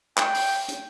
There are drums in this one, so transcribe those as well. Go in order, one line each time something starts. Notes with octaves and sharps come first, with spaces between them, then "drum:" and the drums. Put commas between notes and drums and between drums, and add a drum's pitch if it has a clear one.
G5, drum: clap
drum: open hi-hat
drum: hi-hat